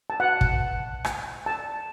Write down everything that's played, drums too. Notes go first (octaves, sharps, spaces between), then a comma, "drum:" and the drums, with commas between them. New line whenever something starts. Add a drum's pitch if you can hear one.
A5
F#5
drum: kick
drum: rim click
A5